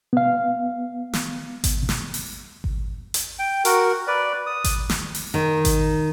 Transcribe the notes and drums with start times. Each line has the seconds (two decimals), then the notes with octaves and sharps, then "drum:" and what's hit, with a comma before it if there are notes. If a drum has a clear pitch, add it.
0.13 B3 F5
1.13 drum: snare
1.64 drum: kick G#1, hi-hat
1.89 drum: snare
2.14 drum: open hi-hat
2.64 drum: kick G#1
3.14 drum: hi-hat
3.39 G5
3.65 F#4 A#4, drum: hi-hat
4.07 B4 D5
4.47 D#6
4.64 drum: kick G#1, hi-hat
4.90 drum: snare
5.15 drum: open hi-hat
5.34 D#3
5.65 drum: kick G#1, hi-hat